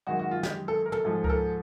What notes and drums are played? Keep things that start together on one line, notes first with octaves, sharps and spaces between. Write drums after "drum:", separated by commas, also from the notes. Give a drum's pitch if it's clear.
F#2 D#3 G#3 F#4
F#4
F4
G4, drum: snare
A4
A#4
A4, drum: tom
G#2 F3 G#3 A4
A#4, drum: kick C#2
A4